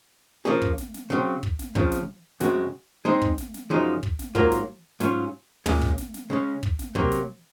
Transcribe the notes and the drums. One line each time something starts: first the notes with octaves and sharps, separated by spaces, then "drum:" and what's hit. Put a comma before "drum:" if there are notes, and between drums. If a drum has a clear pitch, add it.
F3 A#3 C#4 G#4
drum: kick
drum: snare
drum: snare
C#3 F#3 C4
drum: kick
drum: snare
F2 C#3 F3, drum: kick
drum: snare
F#2 C#3 G#3 C4 F#4, drum: snare
G#3 C4 D#4 G#4 C5
drum: kick
drum: snare
drum: snare
F#2 C#3 F3 G#3 D#4
drum: kick
drum: snare
G#2 F#3 A#3 F4 A#4, drum: kick
drum: snare
G#2 F#3 C#4 F4, drum: snare
A#2 G#3 C#4, drum: tom
drum: kick
drum: snare
drum: snare
C#3 G#3 C#4
drum: kick
drum: snare
C3 F#3 A#3, drum: kick
drum: snare